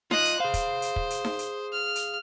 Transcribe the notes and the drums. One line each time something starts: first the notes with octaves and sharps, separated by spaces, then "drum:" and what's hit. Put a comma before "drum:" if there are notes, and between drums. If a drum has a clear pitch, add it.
F4 D#5 D#6 F#6, drum: snare D#4
drum: hi-hat
G#4 C5 F5
drum: kick, hi-hat
drum: hi-hat
drum: kick
drum: hi-hat
drum: snare D#4
drum: hi-hat
F6
drum: hi-hat